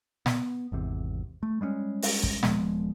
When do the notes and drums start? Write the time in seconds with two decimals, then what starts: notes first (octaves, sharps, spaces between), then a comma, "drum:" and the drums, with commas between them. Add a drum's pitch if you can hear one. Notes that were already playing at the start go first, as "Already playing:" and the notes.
0.26 B3, drum: snare
0.72 G#1 E2 C3
1.43 A3
1.61 G3 G#3 B3 C#4
2.02 drum: open hi-hat
2.23 drum: kick
2.43 D#1 F3 G#3 B3, drum: snare